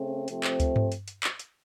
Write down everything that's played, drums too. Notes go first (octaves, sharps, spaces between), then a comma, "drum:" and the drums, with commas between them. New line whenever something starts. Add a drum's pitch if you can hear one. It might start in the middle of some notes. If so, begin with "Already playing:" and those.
Already playing: C#3 A3 C4
C3 F3 A3 C4, drum: hi-hat
drum: clap
drum: kick C#2, hi-hat
drum: tom G2
drum: hi-hat
drum: hi-hat
drum: clap
drum: hi-hat